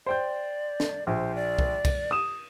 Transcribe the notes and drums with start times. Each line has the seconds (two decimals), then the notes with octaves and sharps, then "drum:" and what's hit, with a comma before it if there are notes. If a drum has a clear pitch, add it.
0.06 C5 D5 G5 G6
0.80 drum: snare
1.07 A#1 C5
1.36 D5
1.59 drum: kick C2
1.85 drum: kick C2, cymbal
2.11 D#6 E7